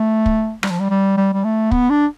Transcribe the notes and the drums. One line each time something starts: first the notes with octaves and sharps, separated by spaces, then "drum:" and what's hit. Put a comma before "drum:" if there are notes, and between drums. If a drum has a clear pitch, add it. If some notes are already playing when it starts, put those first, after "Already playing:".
Already playing: A3
drum: kick
G3, drum: rim click
F3
G3
G3
G3
G3
A3
B3, drum: kick
D4